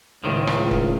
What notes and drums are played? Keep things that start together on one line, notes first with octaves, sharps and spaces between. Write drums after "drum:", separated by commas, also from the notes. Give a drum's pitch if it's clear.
C#2 A2 D#3 F3
drum: rim click
drum: kick E1